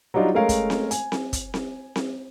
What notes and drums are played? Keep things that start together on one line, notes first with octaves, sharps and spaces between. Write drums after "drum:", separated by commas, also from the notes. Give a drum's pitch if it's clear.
F#3 G3 D4 D#4 F4
G#3 A3 C#4 A#4 C#5 F5
drum: kick, hi-hat
drum: snare C4
G#5, drum: hi-hat
drum: snare C4
drum: kick, hi-hat
drum: snare C4
drum: snare C4